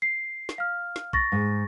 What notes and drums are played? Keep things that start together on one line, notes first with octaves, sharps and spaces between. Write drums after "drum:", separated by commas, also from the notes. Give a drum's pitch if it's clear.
C7
drum: snare
F5 F6
drum: snare
C#6 A6 A#6, drum: kick B1
G#2